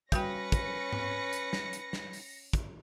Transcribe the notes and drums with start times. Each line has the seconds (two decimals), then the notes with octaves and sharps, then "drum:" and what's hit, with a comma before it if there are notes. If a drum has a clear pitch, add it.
0.12 G3 C#4 F#4 B4 G5 A#6 C#7, drum: kick, hi-hat
0.52 drum: kick, hi-hat
0.93 drum: tom G#2
1.33 drum: hi-hat
1.53 drum: snare
1.73 drum: hi-hat
1.93 drum: snare
2.13 drum: open hi-hat
2.53 drum: kick, hi-hat